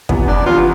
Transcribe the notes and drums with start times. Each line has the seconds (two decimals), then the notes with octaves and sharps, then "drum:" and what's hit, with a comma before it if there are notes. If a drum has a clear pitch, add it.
0.09 C3 E3 B3, drum: kick
0.28 E2 D4
0.46 C3 E3 B3 F4